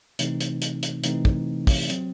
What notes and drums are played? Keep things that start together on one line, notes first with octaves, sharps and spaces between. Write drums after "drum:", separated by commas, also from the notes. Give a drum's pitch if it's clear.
C3 E3 A3 C4 D#4, drum: hi-hat
drum: hi-hat
drum: hi-hat
drum: hi-hat
C3 E3 A3 C4 D#4, drum: hi-hat
drum: kick
drum: kick, open hi-hat
F#3 C4, drum: hi-hat